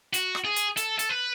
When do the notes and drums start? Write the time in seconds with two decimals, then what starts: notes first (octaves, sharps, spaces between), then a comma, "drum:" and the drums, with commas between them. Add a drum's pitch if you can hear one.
0.14 F#4, drum: hi-hat
0.35 drum: rim click
0.45 G#4
0.56 drum: hi-hat
0.77 A4, drum: hi-hat
0.99 A4, drum: hi-hat
1.09 B4